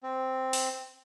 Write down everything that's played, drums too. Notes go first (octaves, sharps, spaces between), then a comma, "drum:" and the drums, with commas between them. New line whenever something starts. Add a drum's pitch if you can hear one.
C4
drum: open hi-hat